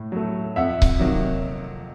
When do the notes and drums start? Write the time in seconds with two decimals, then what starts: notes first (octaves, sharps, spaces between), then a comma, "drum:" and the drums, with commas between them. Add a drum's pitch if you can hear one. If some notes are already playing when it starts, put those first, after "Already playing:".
Already playing: A2
0.12 F#3 A3
0.56 F2 E5 F#5
0.82 drum: kick C#1
1.00 C3 D#3 F#3 A#3